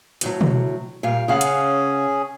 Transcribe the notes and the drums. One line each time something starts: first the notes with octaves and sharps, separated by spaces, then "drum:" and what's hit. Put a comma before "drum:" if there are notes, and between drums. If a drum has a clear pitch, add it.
D2 A2 F#3, drum: hi-hat
drum: tom B2
A#2 G3 F5
C#3 C#4 G#4 F5 F#5
drum: hi-hat